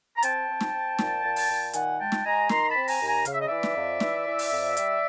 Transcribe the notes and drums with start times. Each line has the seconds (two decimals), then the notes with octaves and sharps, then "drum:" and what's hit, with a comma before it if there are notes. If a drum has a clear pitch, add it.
0.16 A#5
0.22 C4 G5 A5, drum: hi-hat
0.49 C4
0.61 drum: snare
0.73 C4
0.99 A#2, drum: snare
1.24 A#2
1.36 drum: open hi-hat
1.49 A#2
1.73 D#3 F#5 G#5, drum: hi-hat
1.99 G#3 G5 A5
2.12 drum: snare
2.24 G#3 G#5 A#5
2.49 D#3 A#5 C6, drum: snare
2.68 A5 B5
2.75 C4
2.88 G#5 A#5, drum: open hi-hat
3.01 D#2
3.06 G#5 A#5
3.25 C#3 F5, drum: hi-hat
3.33 E5
3.40 D#5
3.47 E3 D5 E5
3.63 drum: snare
3.76 F2
4.00 E3, drum: snare
4.26 E3
4.39 drum: open hi-hat
4.51 F2
4.77 G3, drum: hi-hat